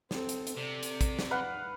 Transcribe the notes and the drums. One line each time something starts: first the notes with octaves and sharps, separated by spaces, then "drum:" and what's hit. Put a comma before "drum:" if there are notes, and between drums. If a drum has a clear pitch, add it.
B3 C4 A4, drum: snare
drum: hi-hat
drum: hi-hat
C3 D5
drum: hi-hat
drum: kick, hi-hat
drum: snare
B4 F5 F#5